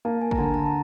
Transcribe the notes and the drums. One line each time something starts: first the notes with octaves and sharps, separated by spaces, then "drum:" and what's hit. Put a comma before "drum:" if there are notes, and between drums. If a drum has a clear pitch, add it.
A#3 A5
G#5
A#5, drum: kick G#1
D3 A5
A#5
A5